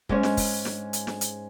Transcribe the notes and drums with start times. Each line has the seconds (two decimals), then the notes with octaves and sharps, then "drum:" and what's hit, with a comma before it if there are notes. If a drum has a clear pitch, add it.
0.09 G#2 G#3 C#4, drum: kick
0.23 drum: snare
0.37 drum: kick, open hi-hat
0.65 drum: snare
0.93 drum: hi-hat
1.07 drum: snare
1.21 drum: hi-hat